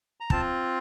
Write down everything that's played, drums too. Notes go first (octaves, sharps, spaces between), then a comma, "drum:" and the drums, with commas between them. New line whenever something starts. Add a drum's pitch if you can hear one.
A#5
C4 F4 A5, drum: kick